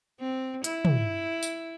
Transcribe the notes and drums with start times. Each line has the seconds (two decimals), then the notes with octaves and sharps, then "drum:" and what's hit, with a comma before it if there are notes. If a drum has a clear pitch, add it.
0.20 C4
0.64 E4, drum: hi-hat
0.85 drum: tom
1.43 drum: tambourine